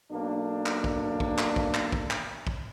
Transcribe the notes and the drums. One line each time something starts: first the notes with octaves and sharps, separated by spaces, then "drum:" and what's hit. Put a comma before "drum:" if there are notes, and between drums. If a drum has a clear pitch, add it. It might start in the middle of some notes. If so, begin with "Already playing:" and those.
B1 A#3 D4
drum: clap
drum: kick
drum: kick
drum: clap
drum: kick
drum: clap
drum: kick
drum: clap
drum: kick